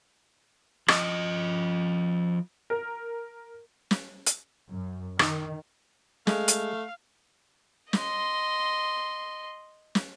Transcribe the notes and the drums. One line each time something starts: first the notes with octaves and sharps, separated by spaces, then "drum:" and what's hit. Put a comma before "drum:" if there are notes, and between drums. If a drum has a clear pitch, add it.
F3 D#5, drum: rim click
A#4
drum: snare
drum: hi-hat
F#2
D#3, drum: rim click
G#3 A3 F5, drum: snare
drum: hi-hat
D#5 C6, drum: snare
drum: snare